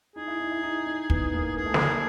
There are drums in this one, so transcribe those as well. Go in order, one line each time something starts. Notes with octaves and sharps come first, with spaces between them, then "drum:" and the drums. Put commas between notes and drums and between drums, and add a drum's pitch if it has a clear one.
D#4 G#4
E4
D#4
E4
D#4
D#4
B3, drum: kick
A#3
A#3 G#4
A3
A#3, drum: snare